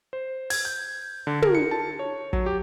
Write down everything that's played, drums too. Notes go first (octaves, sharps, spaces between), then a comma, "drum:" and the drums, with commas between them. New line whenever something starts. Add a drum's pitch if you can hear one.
C5
G#6, drum: open hi-hat
G6
D3
A#4, drum: tom
C#7
A5
C#5
F#3, drum: kick
G4